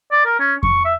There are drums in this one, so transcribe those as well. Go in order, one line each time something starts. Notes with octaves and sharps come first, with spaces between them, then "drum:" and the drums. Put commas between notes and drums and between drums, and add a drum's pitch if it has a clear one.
D5
A#4
C#4
C#6, drum: kick F2
E5